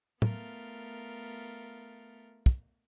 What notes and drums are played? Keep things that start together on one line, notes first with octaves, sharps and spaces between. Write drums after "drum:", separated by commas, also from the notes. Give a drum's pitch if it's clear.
A3 B3 F4 A#4, drum: tom
drum: kick